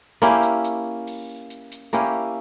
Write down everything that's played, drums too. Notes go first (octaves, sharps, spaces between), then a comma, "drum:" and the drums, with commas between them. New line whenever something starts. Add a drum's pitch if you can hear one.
A#3 C#4 E4 G4, drum: hi-hat
drum: hi-hat
drum: hi-hat
drum: open hi-hat
drum: hi-hat
drum: hi-hat
A#3 C#4 E4 G4, drum: hi-hat